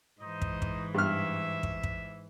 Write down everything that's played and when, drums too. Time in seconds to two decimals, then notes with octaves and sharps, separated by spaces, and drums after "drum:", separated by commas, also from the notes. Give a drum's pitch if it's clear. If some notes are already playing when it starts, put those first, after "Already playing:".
0.21 G#2 E3 D#4 C5 D#5
0.42 drum: kick
0.62 drum: kick
0.94 G2 E5 F6
1.63 drum: kick
1.83 drum: kick